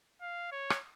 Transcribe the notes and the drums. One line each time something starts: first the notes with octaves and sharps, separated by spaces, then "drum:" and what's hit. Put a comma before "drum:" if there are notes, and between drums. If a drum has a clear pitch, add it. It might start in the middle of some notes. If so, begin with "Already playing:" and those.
F5
C#5
drum: rim click